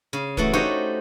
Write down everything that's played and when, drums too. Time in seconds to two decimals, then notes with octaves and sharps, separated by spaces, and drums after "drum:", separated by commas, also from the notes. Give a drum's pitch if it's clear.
0.13 C#3
0.37 E3 A3 F#4, drum: kick
0.54 D#4 F#4 G4 C5 C#5